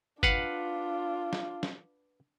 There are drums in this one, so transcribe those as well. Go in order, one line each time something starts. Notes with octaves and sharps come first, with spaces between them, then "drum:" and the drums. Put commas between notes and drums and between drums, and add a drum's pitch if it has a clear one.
D4 F4 B4 F5 F#5, drum: kick G1
drum: snare
drum: snare